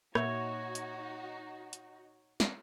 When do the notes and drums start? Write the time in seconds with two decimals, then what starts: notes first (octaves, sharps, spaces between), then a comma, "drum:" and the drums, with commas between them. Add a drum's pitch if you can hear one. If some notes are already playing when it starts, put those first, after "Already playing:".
0.15 A#2 A#3 D#4 F#4 C#5 E5, drum: rim click
0.75 drum: hi-hat
1.73 drum: hi-hat
2.40 drum: snare